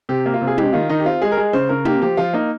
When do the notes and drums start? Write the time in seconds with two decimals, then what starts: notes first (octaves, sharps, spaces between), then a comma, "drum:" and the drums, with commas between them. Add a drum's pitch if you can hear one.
0.09 C3 G4
0.26 A#3
0.34 F4
0.41 C3
0.47 G#4
0.58 G#3 G4, drum: tom
0.73 D#3 F4
0.89 D#3 D#4
1.00 G4
1.05 C4 F4
1.22 G#3 G#4
1.32 A#4
1.37 G#3 G#4
1.53 C#3 C5
1.69 C#3 A#4
1.85 A#3 G4, drum: tom
2.02 F3 G4
2.17 F3 F4
2.34 A#3 D#4